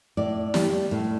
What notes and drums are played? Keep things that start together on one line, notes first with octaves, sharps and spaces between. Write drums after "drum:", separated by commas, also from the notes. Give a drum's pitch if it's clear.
A2 D5
G3, drum: snare
A2